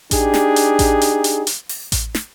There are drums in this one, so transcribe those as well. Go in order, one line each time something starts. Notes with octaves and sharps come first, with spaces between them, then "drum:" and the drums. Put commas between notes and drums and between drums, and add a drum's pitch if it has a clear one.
D4 D#4 G4 G#4, drum: kick A1, hi-hat
drum: snare
drum: hi-hat
drum: kick A1, hi-hat
drum: hi-hat
drum: hi-hat
drum: hi-hat
drum: open hi-hat
drum: kick A1, hi-hat
drum: snare